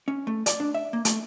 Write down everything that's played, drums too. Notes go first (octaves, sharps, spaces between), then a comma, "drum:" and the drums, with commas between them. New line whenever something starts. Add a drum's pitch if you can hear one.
C#4
A3
D5, drum: hi-hat
D4
E5
A#3
A3, drum: hi-hat